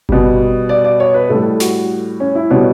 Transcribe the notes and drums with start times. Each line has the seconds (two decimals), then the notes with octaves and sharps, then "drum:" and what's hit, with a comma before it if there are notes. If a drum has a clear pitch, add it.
0.09 B2 G3, drum: kick G1
0.69 D5
0.84 D5
1.00 C#5
1.14 B4
1.30 A2 G3 A4
1.60 F#4, drum: snare
2.20 C#4
2.35 E4
2.51 B2 G3 C#5